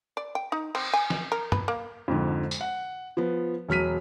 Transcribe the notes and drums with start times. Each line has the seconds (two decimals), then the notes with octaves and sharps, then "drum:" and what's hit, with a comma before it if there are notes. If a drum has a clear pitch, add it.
0.17 D5
0.35 G5
0.52 D#4
0.75 C4, drum: cymbal
0.93 G#5
1.10 drum: snare
1.32 A#4
1.52 B4, drum: tom
1.68 A#3
2.08 F2 G#2 D3
2.51 drum: tambourine
2.61 F#5
3.17 F3 B3
3.69 E1 F#3 F6 B6 D#7